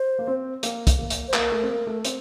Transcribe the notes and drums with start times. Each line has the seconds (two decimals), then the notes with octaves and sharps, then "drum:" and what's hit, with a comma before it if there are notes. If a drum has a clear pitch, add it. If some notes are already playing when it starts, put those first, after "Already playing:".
Already playing: C5
0.19 A#3
0.27 C4
0.63 A#3, drum: hi-hat
0.87 drum: kick, hi-hat
0.99 A#3
1.10 drum: hi-hat
1.28 C5
1.34 A#3 A#4, drum: clap
1.51 A3
1.63 C4
1.70 A#3
1.87 A3
2.05 C4, drum: hi-hat